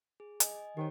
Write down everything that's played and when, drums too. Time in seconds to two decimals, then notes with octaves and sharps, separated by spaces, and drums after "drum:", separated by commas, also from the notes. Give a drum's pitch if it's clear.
0.20 G#4
0.40 D#5 G#5, drum: hi-hat
0.77 D#3 G4 C5 C#5